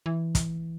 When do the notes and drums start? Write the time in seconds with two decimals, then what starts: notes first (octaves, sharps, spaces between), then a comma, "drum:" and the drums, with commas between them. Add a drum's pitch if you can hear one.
0.06 E3
0.35 drum: kick, hi-hat